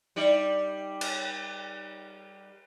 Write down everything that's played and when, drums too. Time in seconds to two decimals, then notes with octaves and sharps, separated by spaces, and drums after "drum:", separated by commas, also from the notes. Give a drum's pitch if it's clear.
0.16 G3 D#4 D5
1.01 drum: cymbal